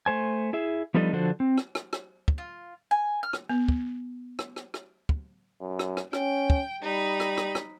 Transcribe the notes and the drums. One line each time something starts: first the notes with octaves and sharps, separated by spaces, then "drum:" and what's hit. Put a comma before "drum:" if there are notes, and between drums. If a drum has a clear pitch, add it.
A3 C5 G#5
E4 G#4 E5
F3 G3 B3 D4 D#4 A4
D3 F3 D4 F#4 A4 C5
C4
drum: rim click
drum: rim click
drum: rim click
drum: kick
F4
G#5
F6
drum: rim click
B3
drum: kick
drum: rim click
drum: rim click
drum: rim click
drum: kick
F#2
drum: rim click
drum: rim click
C#4 G5, drum: rim click
drum: kick
G3 D#4 B5
drum: rim click
drum: rim click
drum: rim click